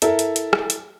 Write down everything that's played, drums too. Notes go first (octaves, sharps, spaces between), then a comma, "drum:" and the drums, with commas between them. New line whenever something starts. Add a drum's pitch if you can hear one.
E4 A4 A#4 E5, drum: hi-hat
drum: hi-hat
drum: hi-hat
drum: rim click
drum: hi-hat